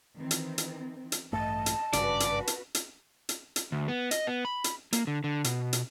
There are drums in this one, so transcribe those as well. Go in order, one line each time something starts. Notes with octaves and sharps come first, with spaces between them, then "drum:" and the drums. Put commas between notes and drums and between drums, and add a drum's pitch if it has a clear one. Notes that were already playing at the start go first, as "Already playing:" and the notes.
D#3 E3 C4
drum: hi-hat
drum: hi-hat
drum: hi-hat
A1 G2 A3 D#5 A5
drum: hi-hat
G#1 G2 C#3 F#4 B4 D5, drum: hi-hat
drum: hi-hat
drum: hi-hat
drum: hi-hat
drum: hi-hat
drum: hi-hat
D2
B3
D#5, drum: hi-hat
B3
B5
drum: hi-hat
A#3, drum: hi-hat
D3
D3
B2, drum: hi-hat
drum: hi-hat